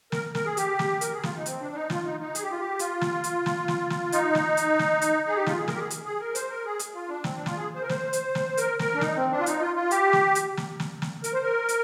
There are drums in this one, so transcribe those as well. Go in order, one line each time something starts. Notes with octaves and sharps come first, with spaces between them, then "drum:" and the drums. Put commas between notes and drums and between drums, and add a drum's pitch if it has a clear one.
A#4, drum: snare
A#4, drum: snare
G#4
G4, drum: hi-hat
drum: snare
A#4, drum: hi-hat
G#4
F4, drum: snare
D#4
C4, drum: hi-hat
D4
D#4
F4, drum: snare
D#4
D#4
G#4, drum: hi-hat
G4
F4
G4
F4, drum: hi-hat
drum: snare
drum: hi-hat
drum: snare
drum: snare
drum: snare
D#4, drum: hi-hat
drum: snare
drum: hi-hat
drum: snare
drum: hi-hat
G#4
G4
F4, drum: snare
G#4
A#4, drum: snare
G4
G#4
drum: hi-hat
G#4
A#4
C5, drum: hi-hat
A#4
G#4
drum: hi-hat
F4
D4
C4, drum: snare
D4
F4, drum: snare
G#4
C5
A#4
C5, drum: snare
drum: hi-hat
drum: snare
A#4, drum: hi-hat
A#4, drum: snare
D4
D#4, drum: snare
C4
D4
F4
D#4, drum: hi-hat
F4
F4
G4, drum: hi-hat
drum: snare
drum: hi-hat
drum: snare
drum: snare
drum: snare
A#4, drum: hi-hat
C5
A#4
drum: hi-hat